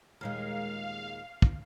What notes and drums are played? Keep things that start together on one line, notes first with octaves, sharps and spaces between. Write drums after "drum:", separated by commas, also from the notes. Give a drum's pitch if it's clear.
D#2 A#2 G#3 F5
drum: kick